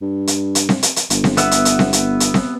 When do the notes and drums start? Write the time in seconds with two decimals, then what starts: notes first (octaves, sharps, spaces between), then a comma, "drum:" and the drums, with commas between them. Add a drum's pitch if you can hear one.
0.02 G2
0.27 drum: hi-hat
0.55 drum: hi-hat
0.69 drum: snare C4
0.83 drum: hi-hat
0.96 drum: hi-hat
1.10 G1, drum: hi-hat
1.24 drum: snare C4
1.37 B3 E5 F#5, drum: hi-hat
1.51 drum: hi-hat
1.65 drum: hi-hat
1.79 drum: snare C4
1.93 drum: hi-hat
2.20 drum: hi-hat
2.34 drum: snare C4